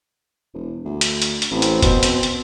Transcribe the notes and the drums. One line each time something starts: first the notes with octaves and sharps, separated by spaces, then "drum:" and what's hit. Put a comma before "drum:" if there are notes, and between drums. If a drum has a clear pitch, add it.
E1
D2
drum: hi-hat
drum: hi-hat
drum: hi-hat
A1 C4
drum: hi-hat
B2, drum: kick F1, hi-hat
drum: hi-hat
drum: hi-hat